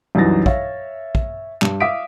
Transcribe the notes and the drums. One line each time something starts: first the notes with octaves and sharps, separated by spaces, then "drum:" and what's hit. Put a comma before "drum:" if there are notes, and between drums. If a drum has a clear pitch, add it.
C2 F#2 E3 D#4 A6 A#6
C#5 E5 F5, drum: kick
drum: kick
G2, drum: clap
E5 F5 D6 D#6 B6 D7